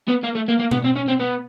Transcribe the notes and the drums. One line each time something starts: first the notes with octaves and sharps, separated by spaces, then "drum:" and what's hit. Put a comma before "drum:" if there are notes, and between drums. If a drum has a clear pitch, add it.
B3
A#3
A3
A#3
A#3
B3, drum: tom B2
C4
C#4
C4
B3